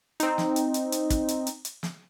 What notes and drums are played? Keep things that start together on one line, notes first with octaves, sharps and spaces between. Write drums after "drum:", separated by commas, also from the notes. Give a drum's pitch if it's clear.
C4 D#4, drum: hi-hat
drum: snare
drum: hi-hat
drum: hi-hat
drum: hi-hat
drum: kick, hi-hat
drum: hi-hat
drum: hi-hat
drum: hi-hat
drum: snare